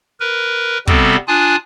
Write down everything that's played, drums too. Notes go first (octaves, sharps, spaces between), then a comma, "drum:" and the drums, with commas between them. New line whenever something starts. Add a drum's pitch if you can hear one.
A#4 B4
C3 G3 B3 C4 F#4 A4, drum: kick
D4 F4 G#5 D#6 F#6